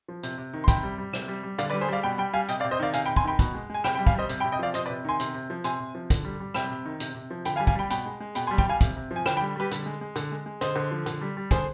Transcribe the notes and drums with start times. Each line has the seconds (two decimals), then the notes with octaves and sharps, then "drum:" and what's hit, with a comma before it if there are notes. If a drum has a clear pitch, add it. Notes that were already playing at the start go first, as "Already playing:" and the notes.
0.08 F3
0.23 C3, drum: hi-hat
0.38 C3
0.53 D#3
0.64 C6
0.68 C3 G5 B5, drum: kick, hi-hat
0.83 G3
0.98 G3
1.13 C3, drum: rim click
1.28 G3
1.43 G3
1.58 D3 D5 F5, drum: hi-hat
1.70 B4 D5
1.73 G3
1.81 G#4 C5
1.88 G3 D5 F5
2.03 B2 G5 B5
2.18 G3 G5 B5
2.34 G3 F5 G#5
2.48 C3 D#5 G5, drum: hi-hat
2.60 D5 F5
2.64 C3
2.71 C5 D#5
2.80 D#3 D5 F5
2.93 C3 F5 G#5, drum: hi-hat
3.05 G5 B5
3.09 C3
3.16 G#5 C6, drum: kick
3.24 D#3 G5 B5
3.39 B2, drum: kick, hi-hat
3.54 G#3
3.70 G#3 G#5
3.84 C3 G5 B5, drum: rim click
3.95 G5 B5
3.99 G3
4.07 F5 G#5, drum: kick
4.15 G3 C5 D#5
4.29 C3, drum: hi-hat
4.40 G5 B5
4.44 C3
4.52 D#5 G5
4.59 F3 D5 F5
4.74 C3 C5 D#5, drum: hi-hat
4.86 B4 D5
4.90 C3
5.05 D#3 G#5 C6
5.20 C3, drum: hi-hat
5.34 C3
5.50 F3
5.64 C3 G#5 C6, drum: hi-hat
5.80 C3
5.95 F3
6.10 D3, drum: kick, hi-hat
6.25 G3
6.40 G3
6.54 C3 G5 B5, drum: rim click
6.70 C3
6.85 D#3
7.00 C3, drum: hi-hat
7.15 C3
7.30 F3
7.45 D3 G5 B5, drum: hi-hat
7.56 F5 G#5
7.60 G3
7.67 F5 G#5, drum: kick
7.75 G3 G5 B5
7.90 B2 G5 B5, drum: hi-hat
8.06 G#3
8.20 G#3
8.35 B2 G5 B5, drum: hi-hat
8.47 G#5 C6
8.51 G3
8.58 G5 B5, drum: kick
8.65 G3 F5 G#5
8.81 C3, drum: kick, hi-hat
8.96 C3
9.11 F3
9.16 G#5
9.26 D3 G5 B5, drum: rim click
9.37 G5 B5
9.41 G3
9.56 G3 G4 B4
9.71 D3, drum: hi-hat
9.86 G#3
10.01 G#3
10.16 D3, drum: hi-hat
10.32 G#3
10.46 G#3
10.61 D3 C5 D#5, drum: hi-hat
10.76 D3
10.91 F3
11.06 D3, drum: hi-hat
11.21 G3
11.37 G3
11.51 D3 G#4 C5, drum: kick, hi-hat